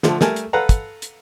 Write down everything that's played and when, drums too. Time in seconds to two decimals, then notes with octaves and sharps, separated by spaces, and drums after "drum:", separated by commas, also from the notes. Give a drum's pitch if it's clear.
0.03 D3 F3 A3, drum: snare
0.21 G3 A3 A#4 G#5 A5, drum: snare
0.36 drum: hi-hat
0.53 A4 B4 F5 F#5 A#5
0.69 drum: kick, hi-hat
1.02 drum: hi-hat